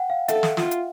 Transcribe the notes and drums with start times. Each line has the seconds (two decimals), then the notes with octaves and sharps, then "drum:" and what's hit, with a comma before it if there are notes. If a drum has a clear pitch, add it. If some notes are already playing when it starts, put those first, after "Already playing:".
Already playing: F#5 G5
0.10 F5
0.28 A4 E5, drum: hi-hat
0.43 drum: snare
0.57 F4, drum: snare
0.71 drum: hi-hat